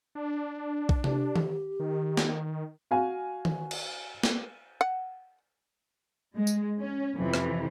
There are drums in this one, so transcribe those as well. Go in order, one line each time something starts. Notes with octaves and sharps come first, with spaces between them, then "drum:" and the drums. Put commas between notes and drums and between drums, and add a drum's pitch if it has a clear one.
D4
drum: kick A#1
G4, drum: tom C3
drum: tom D#3
D#3
drum: snare
F#4 F5 G#5
drum: tom D#3
drum: cymbal
drum: snare
F#5
G#3
drum: tambourine
C#4
F2 C3 E3
drum: rim click